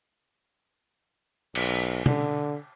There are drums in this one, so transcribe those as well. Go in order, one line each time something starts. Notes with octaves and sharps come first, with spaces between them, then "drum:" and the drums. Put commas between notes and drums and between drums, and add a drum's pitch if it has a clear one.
B1, drum: cymbal
D3, drum: tom